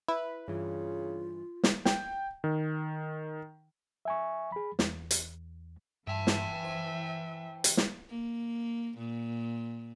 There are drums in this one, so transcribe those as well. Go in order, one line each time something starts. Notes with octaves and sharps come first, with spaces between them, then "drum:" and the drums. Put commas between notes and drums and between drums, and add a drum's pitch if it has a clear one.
E4 B4
G2 C#3 E3 F4
drum: snare
G5, drum: snare
D#3
E5 G#5 C#6
G#4 B5
E2, drum: snare
drum: hi-hat
G2 E3 E5 G5 A5
drum: snare
C5
drum: hi-hat
drum: snare
A#3
A#2